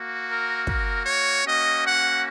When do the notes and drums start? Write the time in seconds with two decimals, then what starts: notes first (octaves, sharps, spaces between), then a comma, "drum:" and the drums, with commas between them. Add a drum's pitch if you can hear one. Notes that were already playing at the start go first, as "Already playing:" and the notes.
Already playing: A#3 F#4
0.28 A#4
0.67 A#4, drum: kick
1.06 C#5
1.45 A#3 C#4 F#4 D#5
1.84 F#5